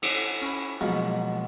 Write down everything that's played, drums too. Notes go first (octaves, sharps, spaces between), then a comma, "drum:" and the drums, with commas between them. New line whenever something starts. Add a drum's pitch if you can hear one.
D3, drum: cymbal
C#4 B5
G#2 B2 F3 F#3 G#3 A#3